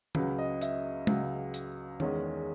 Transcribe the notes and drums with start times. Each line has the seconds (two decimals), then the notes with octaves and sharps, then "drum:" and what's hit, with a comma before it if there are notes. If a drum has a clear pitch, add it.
0.15 C#2 C#3 F#3 B4, drum: tom
0.38 D#5
0.61 E5, drum: hi-hat
1.07 C#2 C#3 F#3, drum: tom
1.54 drum: hi-hat
2.00 E2 D#3 G#3 C#4, drum: tom